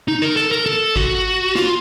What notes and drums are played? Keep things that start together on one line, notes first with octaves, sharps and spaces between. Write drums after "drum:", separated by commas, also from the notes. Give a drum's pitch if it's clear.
D#4
A#4
A4
A#4
A4
F#4, drum: kick G#1
F4, drum: snare